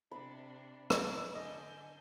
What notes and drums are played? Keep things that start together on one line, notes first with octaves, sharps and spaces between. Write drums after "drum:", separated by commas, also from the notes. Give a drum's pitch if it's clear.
C3 D4 B5
E4, drum: rim click
D3 D#5 G#5 G6